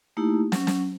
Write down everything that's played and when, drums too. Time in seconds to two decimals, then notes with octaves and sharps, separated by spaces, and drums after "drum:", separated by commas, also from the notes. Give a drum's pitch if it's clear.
0.17 A3 A#3 D#4 E4 G4
0.52 F#3 C#4, drum: snare
0.67 drum: snare